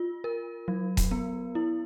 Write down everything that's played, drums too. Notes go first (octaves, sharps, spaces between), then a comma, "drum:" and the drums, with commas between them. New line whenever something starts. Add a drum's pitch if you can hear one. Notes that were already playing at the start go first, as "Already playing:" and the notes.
Already playing: F4
A#4
F#3
drum: kick D#1, hi-hat
B3
E4